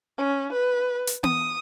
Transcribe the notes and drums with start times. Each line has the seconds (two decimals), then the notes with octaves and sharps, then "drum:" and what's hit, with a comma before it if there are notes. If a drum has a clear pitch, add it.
0.18 C#4
0.53 B4
1.07 drum: hi-hat
1.23 D#6, drum: tom B3